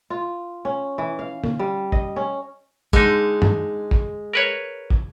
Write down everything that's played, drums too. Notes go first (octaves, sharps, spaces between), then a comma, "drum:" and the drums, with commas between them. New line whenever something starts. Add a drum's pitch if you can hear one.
F4
C#4
E3
F5
drum: tom
G3
D#5, drum: kick
C#4
D3 G#3 D#4, drum: kick
drum: tom
drum: kick
A#4 B4 C#5
drum: kick